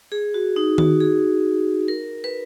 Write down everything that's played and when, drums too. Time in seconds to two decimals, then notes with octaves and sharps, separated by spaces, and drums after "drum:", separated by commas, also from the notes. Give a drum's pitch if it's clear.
0.12 G#4
0.34 F#4
0.56 D#4
0.78 F#4, drum: tom D#3
1.00 G#4
1.88 A#4
2.24 B4